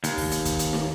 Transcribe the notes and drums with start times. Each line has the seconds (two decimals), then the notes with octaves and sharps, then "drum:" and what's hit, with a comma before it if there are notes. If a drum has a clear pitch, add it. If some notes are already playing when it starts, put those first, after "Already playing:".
0.04 D#2, drum: hi-hat
0.18 drum: kick, open hi-hat
0.31 drum: hi-hat
0.45 drum: kick, hi-hat
0.59 drum: hi-hat
0.73 drum: snare